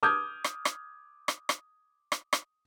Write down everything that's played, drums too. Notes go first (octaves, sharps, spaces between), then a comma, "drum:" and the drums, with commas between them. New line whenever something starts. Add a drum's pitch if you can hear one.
D6 D#6 F6 G6 G#6
drum: rim click
drum: rim click
drum: rim click
drum: rim click
drum: rim click
drum: rim click